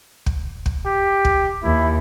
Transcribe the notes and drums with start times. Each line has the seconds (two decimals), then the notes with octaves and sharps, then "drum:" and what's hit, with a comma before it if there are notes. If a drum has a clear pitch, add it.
0.26 drum: kick
0.66 drum: kick
0.85 G4
1.25 drum: kick
1.63 D#2 E4